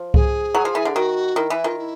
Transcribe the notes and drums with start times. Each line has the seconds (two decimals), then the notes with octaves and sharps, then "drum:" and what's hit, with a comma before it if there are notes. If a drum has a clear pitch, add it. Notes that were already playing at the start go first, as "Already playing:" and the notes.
Already playing: F3
0.14 G#4, drum: kick C2
0.55 F#3
0.65 F3
0.75 E3
0.85 D3
0.96 D#3 F#4
1.36 D#3 E4
1.50 E3 E4
1.64 D#3 F4
1.78 E4